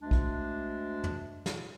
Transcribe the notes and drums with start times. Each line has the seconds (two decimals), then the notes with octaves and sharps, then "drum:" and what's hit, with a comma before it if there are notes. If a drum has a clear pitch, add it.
0.02 D2 G#3 D4
0.11 drum: kick B1
1.04 drum: tom
1.46 drum: snare